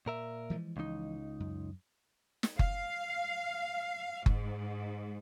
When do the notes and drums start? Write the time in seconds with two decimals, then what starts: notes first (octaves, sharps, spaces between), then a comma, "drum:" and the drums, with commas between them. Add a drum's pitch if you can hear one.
0.06 A#2 A#4 E5
0.50 E3 F3 G#3
0.77 C#2 D#4
1.40 F#2
2.43 drum: snare
2.59 F5, drum: kick F#1
4.26 G#2, drum: kick F#1